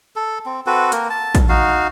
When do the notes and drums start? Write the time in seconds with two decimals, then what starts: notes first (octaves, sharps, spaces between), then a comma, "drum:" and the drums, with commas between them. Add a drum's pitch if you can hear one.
0.16 A4
0.46 C4
0.67 C4 F#4 A4 B4
0.92 A#3 A#4, drum: hi-hat
1.10 A5
1.35 drum: kick, hi-hat
1.49 D#4 F#4 F5